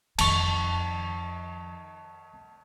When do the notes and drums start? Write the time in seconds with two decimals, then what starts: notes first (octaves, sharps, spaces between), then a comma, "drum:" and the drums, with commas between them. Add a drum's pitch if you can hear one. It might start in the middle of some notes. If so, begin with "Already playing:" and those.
0.18 F2 D#3 A5 C#6, drum: cymbal